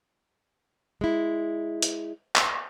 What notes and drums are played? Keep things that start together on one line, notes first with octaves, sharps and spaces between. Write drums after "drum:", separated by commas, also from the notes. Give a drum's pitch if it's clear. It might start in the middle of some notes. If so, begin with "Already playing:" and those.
G#3 E4
drum: hi-hat
drum: clap